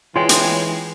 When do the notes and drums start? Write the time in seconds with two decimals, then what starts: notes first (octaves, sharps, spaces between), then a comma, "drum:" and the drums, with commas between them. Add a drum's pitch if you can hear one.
0.16 E3 G#3 F4 C#5 G5
0.29 drum: hi-hat